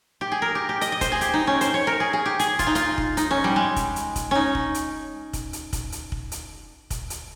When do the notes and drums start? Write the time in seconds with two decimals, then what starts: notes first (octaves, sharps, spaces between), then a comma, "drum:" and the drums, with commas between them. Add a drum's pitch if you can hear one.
0.21 G4
0.32 G#4
0.42 A#4
0.55 G4
0.69 G4
0.81 D#5, drum: hi-hat
0.92 D#5
1.01 C5, drum: kick, hi-hat
1.12 G#4
1.21 G4, drum: hi-hat
1.34 D#4
1.47 C#4
1.61 C5, drum: hi-hat
1.74 C#5
1.87 A#4
2.00 G#4
2.13 G#4
2.26 G4
2.39 G#4, drum: hi-hat
2.59 F4, drum: kick, hi-hat
2.67 D#4
2.75 F4, drum: hi-hat
2.98 drum: kick
3.17 D#4, drum: hi-hat
3.31 C#4
3.44 G3
3.56 G#3
3.76 drum: kick, hi-hat
3.96 drum: hi-hat
4.16 drum: kick, hi-hat
4.31 C#4 D#4
4.55 drum: kick
4.74 drum: hi-hat
5.33 drum: kick, hi-hat
5.53 drum: hi-hat
5.73 drum: kick, hi-hat
5.92 drum: hi-hat
6.12 drum: kick
6.32 drum: hi-hat
6.90 drum: kick, hi-hat
7.10 drum: hi-hat